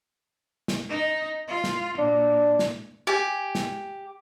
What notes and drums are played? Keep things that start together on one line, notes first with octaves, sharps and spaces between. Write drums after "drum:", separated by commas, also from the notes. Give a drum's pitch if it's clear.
drum: snare
D#4
F4
drum: snare
A#2 D4
drum: snare
G4 G#5
drum: snare